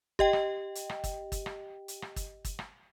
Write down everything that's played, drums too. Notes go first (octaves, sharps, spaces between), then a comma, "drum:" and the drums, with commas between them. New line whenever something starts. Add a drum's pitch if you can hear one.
G4 D#5 G5, drum: kick
drum: rim click
drum: hi-hat
drum: rim click
drum: kick, hi-hat
drum: kick, hi-hat
drum: rim click
drum: hi-hat
drum: rim click
drum: kick, hi-hat
drum: kick, hi-hat
drum: rim click